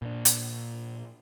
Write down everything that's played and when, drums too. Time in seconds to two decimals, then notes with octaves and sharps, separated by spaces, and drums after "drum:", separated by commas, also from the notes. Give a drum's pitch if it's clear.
0.02 A#2 D4
0.25 drum: hi-hat